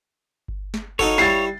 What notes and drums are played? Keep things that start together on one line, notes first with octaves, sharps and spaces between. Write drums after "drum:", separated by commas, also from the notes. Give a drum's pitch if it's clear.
drum: kick G1
drum: snare
D#4 F#4 A4 C#5 F5, drum: kick G1
G3 E4 A6 C7